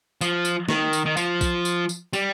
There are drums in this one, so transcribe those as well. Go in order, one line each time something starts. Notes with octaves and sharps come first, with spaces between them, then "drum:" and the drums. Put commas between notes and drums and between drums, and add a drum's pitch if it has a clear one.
F3, drum: tambourine
drum: tambourine
D#3, drum: snare
drum: tambourine
D#3
F3, drum: tambourine
drum: kick, tambourine
drum: tambourine
drum: tambourine
G3, drum: tambourine